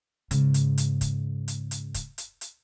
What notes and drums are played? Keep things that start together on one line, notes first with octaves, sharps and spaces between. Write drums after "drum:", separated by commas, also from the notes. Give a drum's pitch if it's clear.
G#2 C#3, drum: hi-hat
drum: hi-hat
drum: hi-hat
drum: kick, hi-hat
drum: hi-hat
drum: hi-hat
drum: kick, hi-hat
drum: hi-hat
drum: hi-hat